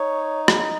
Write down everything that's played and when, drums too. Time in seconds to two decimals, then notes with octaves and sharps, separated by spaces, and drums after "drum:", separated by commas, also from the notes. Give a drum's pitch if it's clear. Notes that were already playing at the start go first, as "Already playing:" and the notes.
Already playing: D#4 C#5
0.48 drum: rim click